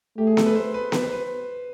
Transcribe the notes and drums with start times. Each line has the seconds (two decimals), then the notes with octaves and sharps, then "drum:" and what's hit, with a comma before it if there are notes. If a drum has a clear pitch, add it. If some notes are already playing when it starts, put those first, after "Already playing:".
0.18 A3 G4
0.27 G#4
0.37 A4, drum: snare B3
0.46 B4
0.55 C5
0.74 B4
0.92 B4, drum: snare B3
1.02 C5
1.12 B4